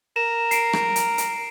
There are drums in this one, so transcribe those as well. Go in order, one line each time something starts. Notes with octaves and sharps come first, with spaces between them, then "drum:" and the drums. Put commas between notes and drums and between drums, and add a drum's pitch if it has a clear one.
A#4 E7
C7 D7, drum: hi-hat
drum: rim click
drum: hi-hat
drum: hi-hat